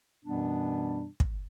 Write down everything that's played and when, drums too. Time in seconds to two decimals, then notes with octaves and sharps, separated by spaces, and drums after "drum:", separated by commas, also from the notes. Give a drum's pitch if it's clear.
0.25 F#2 B2 E3 G3 B3 D4
1.20 drum: kick